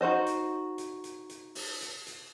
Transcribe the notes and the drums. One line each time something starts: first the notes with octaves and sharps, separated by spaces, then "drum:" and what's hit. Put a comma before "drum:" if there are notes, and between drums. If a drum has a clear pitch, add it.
D#4 F#4 C5 D#5
drum: hi-hat
drum: hi-hat
drum: hi-hat
drum: hi-hat
drum: open hi-hat
drum: hi-hat
drum: hi-hat